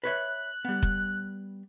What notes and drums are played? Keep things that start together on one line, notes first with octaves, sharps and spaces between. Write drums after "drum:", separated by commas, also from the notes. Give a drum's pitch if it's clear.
B4 C#5 E5 F#6
G3 B3
drum: kick